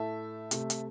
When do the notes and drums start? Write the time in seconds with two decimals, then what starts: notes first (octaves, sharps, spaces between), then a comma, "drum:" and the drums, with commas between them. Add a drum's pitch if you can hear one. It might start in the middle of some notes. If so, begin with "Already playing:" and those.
Already playing: A2 A3 E5 A5
0.51 C3 A3, drum: hi-hat
0.70 drum: hi-hat